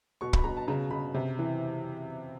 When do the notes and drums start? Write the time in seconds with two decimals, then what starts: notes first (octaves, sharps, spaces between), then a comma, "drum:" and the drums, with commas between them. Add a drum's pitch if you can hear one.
0.21 B2 C#6
0.33 B5, drum: kick
0.44 B2 A#5
0.57 A5
0.68 C#3 A#5
0.91 C#3 B5
1.14 C3
1.39 E3